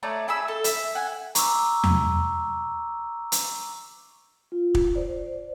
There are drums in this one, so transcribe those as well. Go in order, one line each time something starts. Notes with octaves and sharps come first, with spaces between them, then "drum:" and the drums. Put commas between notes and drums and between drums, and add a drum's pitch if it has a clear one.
A3 D#4 C#5 D5
E4 G#4 B5 E6
A4
E5, drum: hi-hat
F#5 G#5
A#5 C#6 D6 E6, drum: hi-hat
drum: tom E2
drum: hi-hat
F4
drum: kick
C5 D5